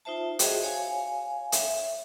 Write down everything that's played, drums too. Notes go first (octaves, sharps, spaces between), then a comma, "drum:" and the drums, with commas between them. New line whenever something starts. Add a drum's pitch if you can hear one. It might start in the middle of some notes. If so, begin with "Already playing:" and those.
D#4 F4 C5 E5 A5
F#4 G#4 C5 D#5 E5 G5, drum: hi-hat
C#5 F5 G#5
E5, drum: hi-hat